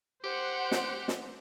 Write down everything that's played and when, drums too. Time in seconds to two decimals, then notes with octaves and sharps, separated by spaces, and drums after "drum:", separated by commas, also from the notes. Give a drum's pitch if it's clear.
0.24 G4 C5 F#5
0.71 drum: snare
1.08 drum: snare